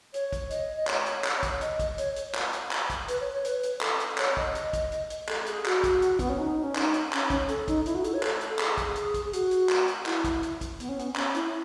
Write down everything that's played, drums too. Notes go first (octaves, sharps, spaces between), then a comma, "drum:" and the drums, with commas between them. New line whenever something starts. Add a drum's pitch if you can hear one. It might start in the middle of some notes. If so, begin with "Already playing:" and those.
C#5, drum: hi-hat
drum: kick, hi-hat
D#5, drum: hi-hat
D#5
C#5, drum: clap
drum: hi-hat
drum: clap
drum: kick, hi-hat
D#5, drum: hi-hat
drum: kick, hi-hat
C#5, drum: hi-hat
drum: hi-hat
drum: clap
drum: hi-hat
drum: clap
drum: kick, hi-hat
B4, drum: hi-hat
C#5
C#5
B4, drum: hi-hat
drum: hi-hat
A4, drum: clap
drum: hi-hat
C#5, drum: clap
D#5, drum: kick
drum: hi-hat
drum: kick, hi-hat
drum: hi-hat
drum: hi-hat
A4, drum: clap
G#4, drum: hi-hat
F#4, drum: clap
drum: kick, hi-hat
drum: hi-hat
B3, drum: kick, hi-hat
C#4
D#4
C#4
D#4, drum: clap
drum: hi-hat
C#4, drum: clap
C#4, drum: kick, hi-hat
A4, drum: hi-hat
D#4, drum: kick, hi-hat
E4, drum: hi-hat
F#4
A4, drum: hi-hat
C#5
A4, drum: clap
drum: hi-hat
G#4, drum: clap
drum: kick, hi-hat
G#4, drum: hi-hat
drum: kick, hi-hat
G#4
F#4, drum: hi-hat
drum: hi-hat
drum: clap
drum: hi-hat
E4, drum: clap
drum: kick, hi-hat
drum: hi-hat
drum: kick, hi-hat
B3, drum: hi-hat
C#4
B3, drum: hi-hat
C#4, drum: clap
E4, drum: hi-hat